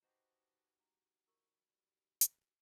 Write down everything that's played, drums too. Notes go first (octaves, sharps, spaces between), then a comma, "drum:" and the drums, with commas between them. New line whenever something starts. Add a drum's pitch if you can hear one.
D#4 F#4 G4 B4 C5 D#5 A5
G#3 D4 A#5
G3 E4 A#4 C#6
drum: hi-hat